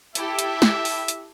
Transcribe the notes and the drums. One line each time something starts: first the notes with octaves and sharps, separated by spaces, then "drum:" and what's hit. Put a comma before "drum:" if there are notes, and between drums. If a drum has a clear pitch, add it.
E4 G4 A4 E5, drum: hi-hat
drum: hi-hat
drum: snare
drum: open hi-hat
drum: hi-hat